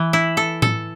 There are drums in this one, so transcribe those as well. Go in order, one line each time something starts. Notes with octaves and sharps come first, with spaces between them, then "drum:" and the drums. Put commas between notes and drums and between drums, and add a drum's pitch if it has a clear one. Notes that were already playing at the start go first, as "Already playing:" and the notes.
Already playing: E3
E4
A4
A4, drum: tom A2